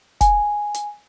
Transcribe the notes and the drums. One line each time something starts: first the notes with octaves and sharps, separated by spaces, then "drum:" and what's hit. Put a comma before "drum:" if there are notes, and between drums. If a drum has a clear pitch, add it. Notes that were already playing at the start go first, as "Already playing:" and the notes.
G#5, drum: kick F1, hi-hat
drum: hi-hat